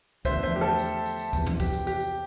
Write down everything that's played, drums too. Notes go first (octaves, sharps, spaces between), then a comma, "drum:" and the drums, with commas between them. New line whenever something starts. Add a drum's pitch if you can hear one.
E2 D3 F3 A3 C5 E5, drum: kick, tambourine
C5 E5
G4
A4
drum: tambourine
drum: tambourine
drum: tambourine
E2 C3 F3, drum: kick, tambourine
drum: tom
G4, drum: kick, tambourine
drum: tambourine
G4, drum: tambourine
drum: tambourine